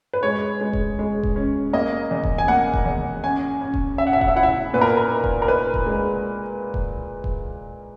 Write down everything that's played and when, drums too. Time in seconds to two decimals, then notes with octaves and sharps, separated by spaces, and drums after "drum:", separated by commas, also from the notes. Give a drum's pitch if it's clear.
0.13 B4
0.23 G#3 C#5
0.61 G#3
0.73 drum: kick D#1
0.99 G#3
1.23 drum: kick D#1
1.36 C#4
1.73 A#3 D#5
2.11 E2
2.23 drum: kick D#1
2.38 G#5
2.48 A#3 F#5
2.74 drum: kick D#1
2.85 E2
3.24 C#4 G#5
3.61 C#4
3.74 drum: kick D#1
3.98 C#3 E5
4.07 F#5
4.13 E5
4.21 F#5, drum: kick D#1
4.28 E5
4.36 E4 F#5
4.43 E5
4.74 A#2 B4
4.81 A#4
4.97 A#4
5.11 D#4
5.24 drum: kick D#1
5.42 A#4
5.48 D#4 B4
5.74 drum: kick D#1
5.86 G#3
6.74 drum: kick D#1
7.24 drum: kick D#1